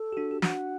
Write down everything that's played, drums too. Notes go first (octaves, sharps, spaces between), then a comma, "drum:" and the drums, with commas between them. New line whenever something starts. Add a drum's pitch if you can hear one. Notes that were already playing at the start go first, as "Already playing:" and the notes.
Already playing: A4
G4
D4 F#4
G4
D4 F#4 F#5, drum: snare